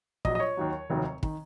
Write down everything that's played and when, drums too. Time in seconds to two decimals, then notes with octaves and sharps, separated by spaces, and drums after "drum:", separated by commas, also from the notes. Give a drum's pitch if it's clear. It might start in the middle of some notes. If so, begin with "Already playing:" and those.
0.25 A#1 A#2 F#3 D#5, drum: kick
0.35 D#5
0.40 C#5
0.57 D#2 D#3 F#3
0.90 F1 D#2 D#3 F#3
1.23 D#3, drum: kick